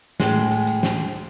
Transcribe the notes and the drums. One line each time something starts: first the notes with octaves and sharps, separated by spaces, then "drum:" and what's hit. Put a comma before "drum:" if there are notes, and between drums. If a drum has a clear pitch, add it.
A2 G#3, drum: snare
drum: hi-hat
drum: hi-hat
drum: snare